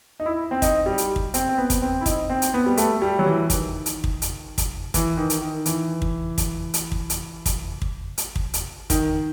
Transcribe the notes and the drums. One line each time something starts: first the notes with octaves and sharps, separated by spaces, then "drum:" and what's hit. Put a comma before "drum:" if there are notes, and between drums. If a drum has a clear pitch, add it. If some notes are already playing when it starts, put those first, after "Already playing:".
D#4
E4
C4
D#4, drum: kick, hi-hat
G3
drum: hi-hat
drum: kick
C4, drum: hi-hat
C4
B3
drum: kick, hi-hat
C4
E4
D#4, drum: kick, hi-hat
C4
drum: hi-hat
B3
G3
A3, drum: hi-hat
G3
F#3
E3
D#3, drum: kick, hi-hat
drum: hi-hat
drum: kick
drum: hi-hat
drum: kick, hi-hat
E3, drum: kick, hi-hat
D#3
drum: hi-hat
D#3
E3, drum: hi-hat
drum: kick
drum: kick, hi-hat
drum: hi-hat
drum: kick
drum: hi-hat
drum: kick, hi-hat
drum: kick
drum: hi-hat
drum: kick
drum: hi-hat
D#3, drum: kick, hi-hat